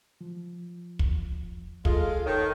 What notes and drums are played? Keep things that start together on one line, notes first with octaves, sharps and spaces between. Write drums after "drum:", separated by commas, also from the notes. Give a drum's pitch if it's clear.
F3
drum: kick
G#3 F4 A4, drum: kick
D#3 D#4 A4 C#5